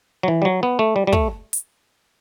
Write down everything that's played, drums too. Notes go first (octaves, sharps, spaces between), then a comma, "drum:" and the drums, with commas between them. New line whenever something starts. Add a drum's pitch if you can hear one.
F#3
E3
G3
F#3
B3
A3
G3
G3
A3, drum: kick
drum: hi-hat